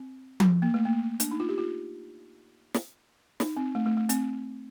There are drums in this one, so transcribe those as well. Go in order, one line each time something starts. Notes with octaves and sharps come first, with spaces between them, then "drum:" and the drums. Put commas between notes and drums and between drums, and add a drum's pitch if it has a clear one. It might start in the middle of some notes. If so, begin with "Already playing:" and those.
Already playing: C4
drum: tom F3
A#3
A3
A#3
D4, drum: hi-hat
D#4
F4
G4
F4
drum: snare
D#4, drum: snare
C4
A3
A3
A3
C4, drum: hi-hat